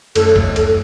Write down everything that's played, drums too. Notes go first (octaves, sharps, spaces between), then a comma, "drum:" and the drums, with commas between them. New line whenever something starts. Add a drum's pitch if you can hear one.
F#2 D3 A3 E4 A4, drum: cymbal
drum: kick
A4, drum: cymbal